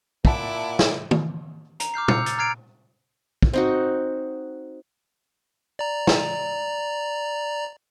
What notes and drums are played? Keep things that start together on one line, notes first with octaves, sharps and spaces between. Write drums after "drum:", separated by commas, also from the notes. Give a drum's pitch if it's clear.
A#2 E4 E5 F#5 A5 D6, drum: kick
drum: snare
drum: tom
A#5, drum: hi-hat
D6 F6 G6 C7
E6 G6 C7 C#7 F7, drum: tom
A6, drum: hi-hat
A#5 F6 G#6 C7 D7
drum: kick
C4 D#4 F#4
D5 A#5
drum: snare